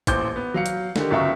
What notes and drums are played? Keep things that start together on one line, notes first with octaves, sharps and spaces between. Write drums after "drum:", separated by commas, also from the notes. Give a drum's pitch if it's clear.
D#1 A1 C5 D6 G6, drum: kick, hi-hat
B3
F#3 F5 C#7
drum: hi-hat
D3 D#3 G4, drum: snare
G1 C#2 F#2 E5 C#6